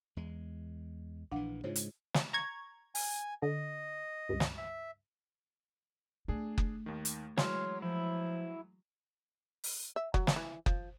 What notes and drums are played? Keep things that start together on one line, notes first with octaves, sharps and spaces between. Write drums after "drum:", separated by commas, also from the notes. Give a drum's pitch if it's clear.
E2 G#3
A#1 E3 D4 F5 F#5
G#2 C#3 G#3 F4 C5 C#5
drum: hi-hat
drum: snare
A#5 C#6 G#6
G#5, drum: open hi-hat
D3 D#5
C#2 G2
drum: snare
E5
A3 D4 G#4
drum: kick F#1
D#2 D#3
drum: hi-hat
E3 F#3 G#3 C#5 C6 F6, drum: snare
F3 E4
drum: open hi-hat
E5
F#3, drum: kick F#1
drum: snare
E3
F3, drum: kick F#1